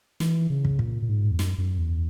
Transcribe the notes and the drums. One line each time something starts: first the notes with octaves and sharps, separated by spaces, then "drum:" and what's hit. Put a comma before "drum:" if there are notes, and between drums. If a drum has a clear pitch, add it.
E3, drum: snare
C#3
drum: kick
A#2, drum: kick
A#2
G#2
E2
F#2, drum: snare
F#2
E2